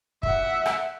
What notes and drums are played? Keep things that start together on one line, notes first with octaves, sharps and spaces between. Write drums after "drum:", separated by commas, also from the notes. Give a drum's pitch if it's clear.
E5 F#5, drum: kick
drum: rim click